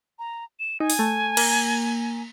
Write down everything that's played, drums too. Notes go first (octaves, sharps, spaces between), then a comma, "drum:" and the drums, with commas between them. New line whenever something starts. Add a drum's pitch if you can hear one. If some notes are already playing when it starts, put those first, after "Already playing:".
A#5
E7
D#4 G#5
drum: open hi-hat
A3
A#3, drum: cymbal